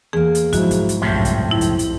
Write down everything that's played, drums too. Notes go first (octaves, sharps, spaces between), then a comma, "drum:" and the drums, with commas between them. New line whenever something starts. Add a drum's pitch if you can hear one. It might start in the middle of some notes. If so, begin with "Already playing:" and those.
E2 A#3 G#4
drum: hi-hat
G#2 F3 F#3 E4 F#4, drum: kick, hi-hat
drum: kick, hi-hat
drum: hi-hat
F#1 C2 A2 C3 F3
drum: kick, hi-hat
B1 F2 E4
drum: hi-hat
drum: hi-hat